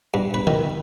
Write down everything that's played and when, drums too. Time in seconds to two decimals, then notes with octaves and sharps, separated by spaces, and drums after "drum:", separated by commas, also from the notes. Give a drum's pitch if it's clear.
0.14 G2
0.34 B4
0.47 D#3, drum: tom D3